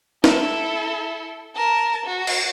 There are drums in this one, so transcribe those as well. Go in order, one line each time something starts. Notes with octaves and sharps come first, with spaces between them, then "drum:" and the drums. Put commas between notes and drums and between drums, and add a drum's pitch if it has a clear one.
E4 A4, drum: snare
A#4 A5
F#4
drum: cymbal